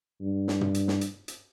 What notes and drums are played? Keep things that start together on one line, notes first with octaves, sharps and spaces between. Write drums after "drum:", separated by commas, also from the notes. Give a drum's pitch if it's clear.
G2
drum: snare
drum: tom
drum: hi-hat
drum: snare
drum: hi-hat
drum: hi-hat